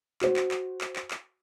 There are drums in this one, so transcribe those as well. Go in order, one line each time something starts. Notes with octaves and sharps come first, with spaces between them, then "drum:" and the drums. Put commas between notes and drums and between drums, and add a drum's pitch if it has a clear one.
F#4 C5, drum: clap
drum: clap
drum: clap
drum: clap
drum: clap
drum: clap